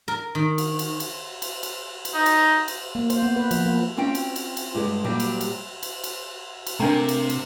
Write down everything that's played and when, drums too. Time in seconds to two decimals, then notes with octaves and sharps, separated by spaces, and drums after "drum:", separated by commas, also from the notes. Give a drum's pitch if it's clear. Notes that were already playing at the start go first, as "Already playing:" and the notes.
0.08 A#4
0.35 D#3
0.58 drum: cymbal
0.79 drum: cymbal
1.00 drum: cymbal
1.42 drum: cymbal
1.63 drum: cymbal
2.05 drum: cymbal
2.14 D#4
2.26 drum: cymbal
2.68 drum: cymbal
2.95 A#3
3.10 C5, drum: cymbal
3.23 B3
3.36 B4
3.51 F3, drum: cymbal
3.66 A#3
3.97 C4 C#4 F4 G5
4.15 drum: cymbal
4.36 drum: cymbal
4.57 drum: cymbal
4.75 G2 G#3 G#4
5.04 A#2 F#3 G3 G4
5.20 drum: cymbal
5.41 drum: cymbal
5.83 drum: cymbal
6.04 drum: cymbal
6.67 drum: cymbal
6.80 C3 A3 D4 A#4 G5 A#5
7.09 drum: cymbal
7.30 drum: cymbal